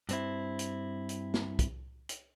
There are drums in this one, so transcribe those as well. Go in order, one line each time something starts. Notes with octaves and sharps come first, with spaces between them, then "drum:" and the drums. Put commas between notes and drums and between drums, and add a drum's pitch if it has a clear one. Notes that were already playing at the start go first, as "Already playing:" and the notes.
G2 C4 E4, drum: hi-hat
drum: hi-hat
drum: hi-hat
drum: snare
drum: kick, hi-hat
drum: hi-hat